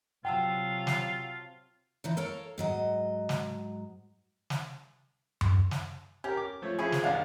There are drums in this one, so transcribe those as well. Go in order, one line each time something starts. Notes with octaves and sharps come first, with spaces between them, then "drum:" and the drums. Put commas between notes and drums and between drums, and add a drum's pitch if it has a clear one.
C3 F#3 F4 F#5 G5 A5 E6
drum: snare
D3 E3 D#4
A4 A#4 C#5 F5
G#2 F#3 D#5
drum: snare
drum: snare
drum: tom F#2
drum: snare
C#4 G4 A#4
D6
F3 A3 C#5
F3 C#4 E4 G#4 G#5
drum: snare
D#2 D4 F5 F#5